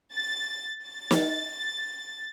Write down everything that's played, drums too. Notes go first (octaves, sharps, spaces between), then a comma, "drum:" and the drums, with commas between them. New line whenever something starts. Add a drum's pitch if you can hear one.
A6
A6
drum: snare